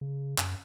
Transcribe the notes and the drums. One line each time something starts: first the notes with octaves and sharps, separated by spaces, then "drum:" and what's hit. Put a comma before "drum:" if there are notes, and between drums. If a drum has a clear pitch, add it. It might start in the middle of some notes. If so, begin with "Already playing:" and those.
C#3
F#2, drum: clap